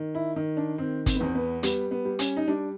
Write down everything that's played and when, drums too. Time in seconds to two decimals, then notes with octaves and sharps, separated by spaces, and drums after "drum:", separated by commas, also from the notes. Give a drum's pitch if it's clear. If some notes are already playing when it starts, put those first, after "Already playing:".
Already playing: D#3
0.15 E4
0.36 D#3
0.57 D4
0.78 D#3 C4
1.06 C4, drum: kick, hi-hat
1.15 B3
1.21 E2 C4
1.35 B3
1.63 G3 B3, drum: hi-hat
1.91 B3
2.05 G3
2.19 C#4, drum: hi-hat
2.37 D#4
2.48 G3 D4